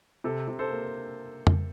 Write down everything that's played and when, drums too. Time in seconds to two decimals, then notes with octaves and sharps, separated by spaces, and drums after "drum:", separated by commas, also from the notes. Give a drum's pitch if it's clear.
0.24 C3 A4
0.48 C3
0.59 A4 C5
0.71 A#3
1.47 drum: tom F2